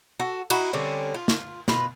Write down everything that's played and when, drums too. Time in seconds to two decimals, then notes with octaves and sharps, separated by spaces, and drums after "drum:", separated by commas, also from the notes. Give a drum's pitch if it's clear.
0.19 F#4 A4
0.50 D#4 E4 F#4, drum: cymbal
0.73 D3 G3 C4 C#4
1.14 F4
1.28 drum: snare
1.68 B2 F4 B4, drum: snare